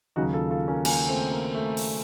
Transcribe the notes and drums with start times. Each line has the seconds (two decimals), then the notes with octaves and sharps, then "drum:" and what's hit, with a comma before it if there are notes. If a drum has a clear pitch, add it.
0.16 D#2 C#3 F#3 D#4 F#4
0.34 F4 A4
0.51 F4 A4
0.68 A#3 C#4
0.85 A#3 C#4, drum: cymbal
1.08 A3 C4
1.31 A#3
1.54 A3
1.77 drum: open hi-hat